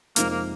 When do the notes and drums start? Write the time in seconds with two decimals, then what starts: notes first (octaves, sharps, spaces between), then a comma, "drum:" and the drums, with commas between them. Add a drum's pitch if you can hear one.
0.16 F2 C3 G#3 A#3 D#4 C5, drum: hi-hat
0.30 A#3